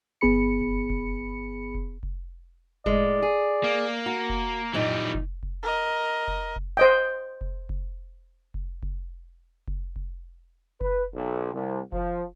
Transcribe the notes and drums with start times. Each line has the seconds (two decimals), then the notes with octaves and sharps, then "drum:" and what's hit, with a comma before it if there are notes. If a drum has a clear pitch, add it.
0.21 G1 B3 G#4 B5 C#7
0.61 drum: kick F1
0.90 drum: kick F1
1.75 drum: kick F1
2.03 drum: kick F1
2.86 A2 G#3 D5, drum: kick F1
3.22 G#4
3.64 A#3
4.06 F#4 A#5
4.30 drum: kick F1
4.74 F#2 A#2 E3 G3 D#4
5.14 drum: kick F1
5.43 drum: kick F1
5.63 A#4 D#5
6.28 drum: kick F1
6.56 drum: kick F1
6.77 C5 D#5 G5
7.41 drum: kick F1
7.69 drum: kick F1
8.54 drum: kick F1
8.83 drum: kick F1
9.68 drum: kick F1
9.96 drum: kick F1
10.81 B4, drum: kick F1
11.14 B1
11.54 C2
11.92 F3, drum: kick F1